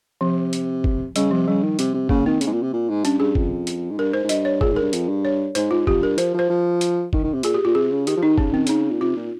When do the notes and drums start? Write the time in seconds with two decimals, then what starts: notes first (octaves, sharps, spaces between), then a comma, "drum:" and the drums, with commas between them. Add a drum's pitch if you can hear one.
0.21 C3 F3
0.53 drum: hi-hat
0.84 drum: kick
1.16 C#3 G3, drum: hi-hat
1.31 C3 F3
1.48 C#3 G3
1.63 D#3
1.79 C3, drum: hi-hat
1.94 C3
2.09 C#3 A#3, drum: kick
2.26 D#3 C4
2.41 C#3, drum: hi-hat
2.47 G#2
2.52 A#2
2.62 C3
2.73 A#2
2.89 G#2
3.05 G2 C#4, drum: hi-hat
3.20 G2 G#4
3.35 F2, drum: kick
3.67 drum: hi-hat
3.91 G#2
3.98 G2 A#4
4.13 G#2 C5
4.24 G#2
4.29 G2 D#5, drum: hi-hat
4.45 C#5
4.61 A#2 G#4, drum: kick
4.72 G#2 A#4
4.82 G2
4.93 F2, drum: hi-hat
5.08 G2
5.25 C#5
5.55 G#2 C5, drum: hi-hat
5.71 G#2 F4
5.87 F2 G4, drum: kick
6.02 G2 A#4
6.18 F3 C5, drum: hi-hat
6.34 F3
6.39 C5
6.49 F3
6.81 drum: hi-hat
7.13 D#3, drum: kick
7.24 D#3
7.33 C3
7.43 A#2 G#4, drum: hi-hat
7.54 G4
7.65 A#2 F4
7.75 C3 G#4
7.91 C#3
8.07 D#3 G4, drum: hi-hat
8.17 F3
8.23 D#3 D#4
8.38 C#3 C#4, drum: kick
8.52 D#3 C4
8.67 C#3 D#4, drum: hi-hat
8.91 A#2
9.01 C3 F4
9.17 A#2